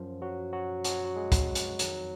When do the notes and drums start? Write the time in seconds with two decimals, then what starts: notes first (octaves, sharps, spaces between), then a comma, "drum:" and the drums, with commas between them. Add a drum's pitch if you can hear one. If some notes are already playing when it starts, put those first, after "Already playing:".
Already playing: F#2 F3
0.21 F#3 F#4
0.53 F#3 F#4
0.84 F#3 F#4, drum: hi-hat
1.05 F#4
1.16 G#3 G#4
1.32 drum: kick, hi-hat
1.55 drum: hi-hat
1.79 F2 D#3 F#3, drum: hi-hat